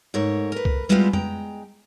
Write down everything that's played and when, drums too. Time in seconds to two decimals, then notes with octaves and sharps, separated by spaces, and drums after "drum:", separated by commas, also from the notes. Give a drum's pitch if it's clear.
0.14 G#2 A3 A#4 C#5
0.52 A#4 B4
0.65 drum: kick
0.89 G3 G#3 B3 E4 F4 G4
1.13 G#3 G5 A#5, drum: tom F2